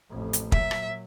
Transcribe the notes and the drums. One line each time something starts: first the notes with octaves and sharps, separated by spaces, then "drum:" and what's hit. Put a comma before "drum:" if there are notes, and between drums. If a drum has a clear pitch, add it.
A1 F2
drum: hi-hat
A#2 F#3 E5, drum: kick
drum: rim click